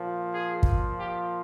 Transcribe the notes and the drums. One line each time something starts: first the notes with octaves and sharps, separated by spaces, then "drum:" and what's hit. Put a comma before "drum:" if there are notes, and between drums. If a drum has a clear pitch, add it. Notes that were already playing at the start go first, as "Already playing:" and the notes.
Already playing: A#2 F3
G#4
drum: kick
G4